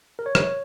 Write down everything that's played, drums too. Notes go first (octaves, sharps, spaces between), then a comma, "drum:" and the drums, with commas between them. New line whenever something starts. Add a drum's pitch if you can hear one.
A#4
C#5
drum: rim click